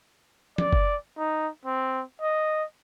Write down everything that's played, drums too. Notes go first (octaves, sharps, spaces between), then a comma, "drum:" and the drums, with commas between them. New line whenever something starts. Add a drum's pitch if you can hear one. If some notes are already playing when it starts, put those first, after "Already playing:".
D5, drum: tom
drum: kick F#1
D#4
C4
D#5